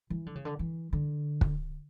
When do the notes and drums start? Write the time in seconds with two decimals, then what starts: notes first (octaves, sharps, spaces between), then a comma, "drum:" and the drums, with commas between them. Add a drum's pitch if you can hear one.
0.10 E3
0.26 D3
0.35 C#3
0.45 D3
0.59 E3
0.93 D3
1.41 drum: kick